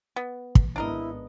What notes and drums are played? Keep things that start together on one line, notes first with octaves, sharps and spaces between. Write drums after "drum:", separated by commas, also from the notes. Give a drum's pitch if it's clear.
B3
drum: kick
G#1 B3 D4 E4 A#4 D#5